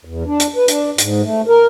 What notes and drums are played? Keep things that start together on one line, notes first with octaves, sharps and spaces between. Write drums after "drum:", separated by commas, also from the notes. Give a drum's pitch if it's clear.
E2
D4
drum: hi-hat
B4
D4, drum: hi-hat
G#2, drum: hi-hat
A3
A#4